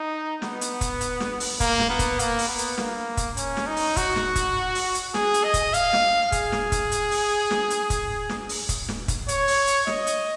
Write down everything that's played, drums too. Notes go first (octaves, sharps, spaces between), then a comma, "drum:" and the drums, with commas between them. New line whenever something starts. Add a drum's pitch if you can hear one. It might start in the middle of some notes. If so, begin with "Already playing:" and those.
Already playing: D#4
B3, drum: snare
drum: hi-hat
drum: kick, hi-hat
drum: hi-hat
drum: snare
drum: open hi-hat
A#3, drum: kick, hi-hat
drum: snare
B3
drum: kick, hi-hat
A#3, drum: hi-hat
drum: open hi-hat
B3
drum: hi-hat
A#3, drum: snare
drum: kick, hi-hat
C#4, drum: hi-hat
drum: snare
D#4
drum: open hi-hat
F#4, drum: kick, hi-hat
drum: snare
drum: kick, hi-hat
drum: open hi-hat
drum: hi-hat
G#4, drum: snare
drum: hi-hat
D#5
drum: kick, hi-hat
F5, drum: hi-hat
drum: snare
G#4, drum: kick, hi-hat
drum: snare
drum: kick, hi-hat
drum: hi-hat
drum: open hi-hat
drum: snare
drum: hi-hat
drum: kick, hi-hat
drum: snare
drum: open hi-hat
drum: kick, hi-hat
drum: snare
drum: kick, hi-hat
C#5, drum: hi-hat
drum: open hi-hat
drum: hi-hat
D#5, drum: snare
drum: hi-hat